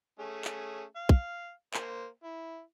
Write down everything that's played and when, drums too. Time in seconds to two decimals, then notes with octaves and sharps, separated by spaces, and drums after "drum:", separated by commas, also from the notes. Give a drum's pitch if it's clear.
0.19 A3 C#4 G#4
0.45 drum: clap
0.96 F5
1.09 drum: kick
1.74 A#3 C5, drum: clap
2.24 E4